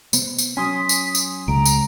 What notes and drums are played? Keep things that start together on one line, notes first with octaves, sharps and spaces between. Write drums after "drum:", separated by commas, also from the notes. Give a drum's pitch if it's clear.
C3 B3 C4, drum: tambourine
drum: tambourine
F#3 C#4 G#5 C6 D#6 B6
drum: tambourine
drum: tambourine
C#2 A#5 D7
drum: tambourine